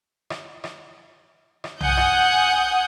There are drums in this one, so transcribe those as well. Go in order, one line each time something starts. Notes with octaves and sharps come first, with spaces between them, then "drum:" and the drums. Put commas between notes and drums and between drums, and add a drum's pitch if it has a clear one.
drum: rim click
drum: rim click
drum: rim click
F#5 G#5 D#6 G6, drum: tom B1
drum: rim click